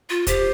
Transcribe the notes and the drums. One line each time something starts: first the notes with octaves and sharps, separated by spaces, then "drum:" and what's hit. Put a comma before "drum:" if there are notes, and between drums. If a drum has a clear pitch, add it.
F4
G4 C5, drum: kick, hi-hat